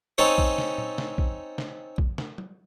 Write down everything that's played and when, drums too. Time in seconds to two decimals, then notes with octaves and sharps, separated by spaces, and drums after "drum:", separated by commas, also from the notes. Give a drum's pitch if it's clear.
0.18 C4 C#4 D#4 A4 C#5
0.38 drum: kick
0.58 drum: snare
0.78 drum: tom
0.98 drum: snare
1.18 drum: kick
1.58 drum: snare
1.98 drum: kick
2.18 drum: snare
2.38 drum: tom F#3